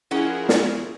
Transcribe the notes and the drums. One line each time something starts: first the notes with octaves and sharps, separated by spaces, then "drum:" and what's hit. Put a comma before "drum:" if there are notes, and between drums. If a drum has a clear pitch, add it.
F3 C#4 E4 G#4 A#4 F#5
drum: snare